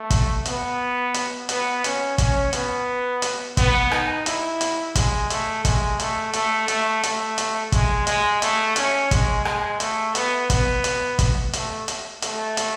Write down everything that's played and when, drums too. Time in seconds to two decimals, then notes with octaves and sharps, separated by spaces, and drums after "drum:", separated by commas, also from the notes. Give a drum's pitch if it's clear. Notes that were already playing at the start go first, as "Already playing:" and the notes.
Already playing: A3
0.10 drum: kick, hi-hat
0.45 B3, drum: hi-hat
1.14 drum: hi-hat
1.49 B3, drum: hi-hat
1.84 C#4, drum: hi-hat
2.18 C#4, drum: kick, hi-hat
2.53 B3, drum: hi-hat
3.22 drum: hi-hat
3.57 B3, drum: kick, hi-hat
3.91 D#4, drum: rim click
4.26 E4, drum: hi-hat
4.61 drum: hi-hat
4.95 G#3, drum: kick, hi-hat
5.30 A3, drum: hi-hat
5.65 G#3, drum: kick, hi-hat
5.99 A3, drum: hi-hat
6.33 A3, drum: hi-hat
6.68 A3, drum: hi-hat
7.03 A3, drum: hi-hat
7.38 drum: hi-hat
7.72 G#3, drum: kick, hi-hat
8.07 G#3, drum: hi-hat
8.42 A3, drum: hi-hat
8.76 C#4, drum: hi-hat
9.11 G#3, drum: kick, hi-hat
9.45 G#3, drum: rim click
9.80 A3, drum: hi-hat
10.15 B3, drum: hi-hat
10.50 B3, drum: kick, hi-hat
10.84 drum: hi-hat
11.19 drum: kick, hi-hat
11.53 A3, drum: hi-hat
11.88 drum: hi-hat
12.22 A3, drum: hi-hat
12.57 drum: hi-hat